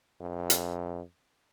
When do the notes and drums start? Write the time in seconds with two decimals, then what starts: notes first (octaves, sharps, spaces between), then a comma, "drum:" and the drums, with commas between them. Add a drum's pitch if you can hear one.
0.21 F2
0.50 drum: hi-hat